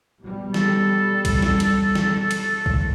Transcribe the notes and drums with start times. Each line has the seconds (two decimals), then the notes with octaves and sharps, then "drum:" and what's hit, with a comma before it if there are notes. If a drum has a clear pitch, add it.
0.22 B2 G3
0.54 A4, drum: snare
1.25 drum: kick, cymbal
1.42 drum: snare
1.60 drum: cymbal
1.95 drum: snare
2.31 drum: cymbal
2.66 drum: kick